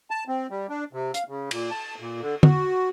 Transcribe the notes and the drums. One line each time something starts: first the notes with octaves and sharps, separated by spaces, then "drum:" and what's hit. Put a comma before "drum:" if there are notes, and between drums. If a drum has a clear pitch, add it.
A5
C4
G3
D4
C3
F5, drum: hi-hat
C#3
A#2, drum: cymbal
A5
A#2
D3
F#4, drum: tom D3